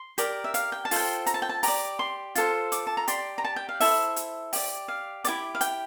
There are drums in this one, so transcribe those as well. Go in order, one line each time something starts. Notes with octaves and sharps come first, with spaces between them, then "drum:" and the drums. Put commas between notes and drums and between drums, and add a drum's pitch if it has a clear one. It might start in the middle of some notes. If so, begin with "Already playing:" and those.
Already playing: C6
G4 A#4 D5, drum: hi-hat
E5
F5, drum: hi-hat
G5
A5
F4 A4 C5 G5, drum: open hi-hat
A#5, drum: hi-hat
A5
G5
A5
G4 D5 A#5, drum: open hi-hat
C6
F4 A4 C5, drum: hi-hat
D6, drum: hi-hat
A5
A#5
G4 D5 C6, drum: hi-hat
A#5
A5
G5
F5
E4 A4 C5 E5, drum: open hi-hat
drum: hi-hat
G4 D5, drum: open hi-hat
F5
E4 G4 D5 D6, drum: hi-hat
F5
G5, drum: hi-hat